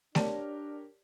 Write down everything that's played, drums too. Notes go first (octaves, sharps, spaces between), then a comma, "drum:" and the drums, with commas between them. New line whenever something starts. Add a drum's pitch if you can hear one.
D4 G4 A#4 C#5 D5 A5, drum: snare A3